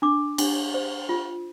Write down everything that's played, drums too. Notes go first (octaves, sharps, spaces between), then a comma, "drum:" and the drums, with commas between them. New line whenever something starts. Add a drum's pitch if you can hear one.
D4 D6
D4, drum: cymbal
C5
F4